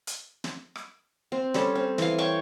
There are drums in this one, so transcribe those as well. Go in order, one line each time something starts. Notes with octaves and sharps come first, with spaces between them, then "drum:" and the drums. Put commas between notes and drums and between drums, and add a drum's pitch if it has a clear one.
drum: hi-hat
drum: snare
drum: rim click
C4
G3 C#4 A4, drum: snare
C4
E3 F5, drum: snare
C#5 G5 A5 C#6